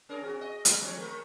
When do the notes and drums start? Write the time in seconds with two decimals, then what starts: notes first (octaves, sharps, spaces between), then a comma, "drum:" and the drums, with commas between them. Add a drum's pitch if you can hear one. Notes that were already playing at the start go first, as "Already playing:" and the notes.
0.09 C#4 G#4 A#4
0.21 C4 F#4
0.41 D#5
0.65 G3, drum: hi-hat
0.81 F3 C4 C#5
0.97 G#3 A#4